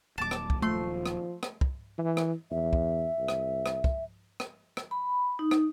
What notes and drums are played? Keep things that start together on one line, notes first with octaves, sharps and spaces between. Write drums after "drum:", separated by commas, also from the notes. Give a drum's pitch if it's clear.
D#1 A#2 F#3 A5 D6
drum: rim click
drum: kick
F3 A3 C6
drum: rim click
drum: rim click
drum: kick
E3
drum: rim click
E2 E5
drum: kick
C2
drum: rim click
drum: rim click
drum: kick
drum: rim click
drum: rim click
B5
D#4
drum: rim click